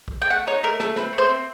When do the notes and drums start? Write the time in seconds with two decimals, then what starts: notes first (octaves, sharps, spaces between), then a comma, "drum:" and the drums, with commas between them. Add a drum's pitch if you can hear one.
0.08 drum: kick
0.22 G5
0.30 A3 F#5
0.47 D#4 C#5
0.63 A3 A#4
0.80 A3 A4, drum: snare
0.96 C4 B4, drum: snare
1.13 A3
1.18 C5
1.29 C4